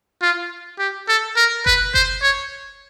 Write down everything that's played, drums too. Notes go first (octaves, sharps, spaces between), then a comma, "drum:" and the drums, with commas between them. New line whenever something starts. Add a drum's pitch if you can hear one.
F4
G4
A4
A#4
B4, drum: kick F#1
C5, drum: kick F#1
C#5